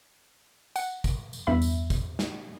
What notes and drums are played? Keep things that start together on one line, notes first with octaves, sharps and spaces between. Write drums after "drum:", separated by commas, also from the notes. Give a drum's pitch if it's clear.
F#5, drum: tambourine
drum: kick, tambourine
drum: tambourine
E2 G2 E5 B5
drum: tambourine
drum: kick, tambourine
drum: snare